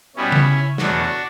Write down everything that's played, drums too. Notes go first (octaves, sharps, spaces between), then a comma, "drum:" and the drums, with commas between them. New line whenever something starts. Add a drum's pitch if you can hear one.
B2 G3 B3 C#4 E4
drum: tom C#3
E2 B2 F#3 A3 D4 F#4, drum: snare